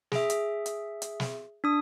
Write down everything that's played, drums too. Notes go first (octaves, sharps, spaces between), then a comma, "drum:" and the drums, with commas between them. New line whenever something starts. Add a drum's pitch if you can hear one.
G#4 E5, drum: snare
drum: hi-hat
drum: hi-hat
drum: hi-hat
drum: snare
D4 D#6